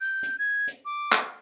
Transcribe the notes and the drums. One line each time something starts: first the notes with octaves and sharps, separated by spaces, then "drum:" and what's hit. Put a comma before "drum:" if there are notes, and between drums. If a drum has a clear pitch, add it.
G6
drum: hi-hat
G#6
drum: hi-hat
D6
drum: clap